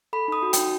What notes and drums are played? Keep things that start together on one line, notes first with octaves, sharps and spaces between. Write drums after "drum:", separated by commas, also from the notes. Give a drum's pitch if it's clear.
A4 B5
D#4 D#6
F#4
D#4 G5, drum: hi-hat